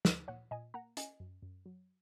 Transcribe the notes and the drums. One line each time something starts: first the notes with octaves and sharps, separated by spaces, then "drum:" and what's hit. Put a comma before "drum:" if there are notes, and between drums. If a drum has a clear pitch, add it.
D#4 A#4 D#5, drum: snare
A#2 C#5 F#5
A#2 D#5 G#5
A#3 F#5 A#5
C#4 D#5 G#5, drum: hi-hat
F#2
F#2
F#3